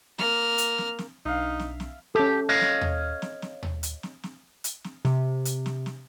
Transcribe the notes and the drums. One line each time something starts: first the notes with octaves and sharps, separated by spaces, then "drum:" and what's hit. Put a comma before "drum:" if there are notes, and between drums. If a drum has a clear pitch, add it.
A#3 F6, drum: snare
drum: hi-hat
drum: snare
drum: snare
B1 D4 D#4 E5 F5
drum: snare
drum: snare
C#4 G4 A4
C#5 D#5 F5
drum: snare
drum: tom D#2
drum: snare
drum: snare
drum: tom D#2
drum: hi-hat
drum: snare
drum: snare
drum: hi-hat
drum: snare
C3, drum: snare
drum: hi-hat
drum: snare
drum: snare